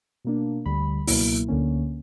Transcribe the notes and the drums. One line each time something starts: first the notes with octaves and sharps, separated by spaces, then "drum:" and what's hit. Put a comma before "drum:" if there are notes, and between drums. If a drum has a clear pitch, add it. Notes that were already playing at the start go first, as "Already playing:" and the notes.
B2 A#3 D4
D2 D3 G3 B5
C#2 B2 F#3 A#3 E4, drum: open hi-hat
D2 D3 A#3 C#4